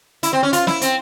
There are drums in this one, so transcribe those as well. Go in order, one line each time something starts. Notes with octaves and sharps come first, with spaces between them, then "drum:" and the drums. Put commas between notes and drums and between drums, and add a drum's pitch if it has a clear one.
E4, drum: hi-hat
C4
C#4
F4, drum: hi-hat
E4, drum: snare
C4, drum: hi-hat